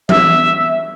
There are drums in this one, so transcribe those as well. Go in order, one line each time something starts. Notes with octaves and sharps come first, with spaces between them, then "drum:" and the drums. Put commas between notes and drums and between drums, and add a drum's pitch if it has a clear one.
E5, drum: tom E3